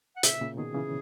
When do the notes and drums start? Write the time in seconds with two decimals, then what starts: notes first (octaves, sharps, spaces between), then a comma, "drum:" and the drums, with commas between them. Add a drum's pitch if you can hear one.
0.16 F#5
0.23 A#2 C#3 E5, drum: hi-hat
0.41 A#2 C#3
0.57 B2 D#3 G#4
0.75 C#3 E3